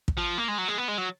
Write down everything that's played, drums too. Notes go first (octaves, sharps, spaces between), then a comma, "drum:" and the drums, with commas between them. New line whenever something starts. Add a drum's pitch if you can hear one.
drum: kick
F3
A#3
G#3
F#3
G#3
B3
G#3
F#3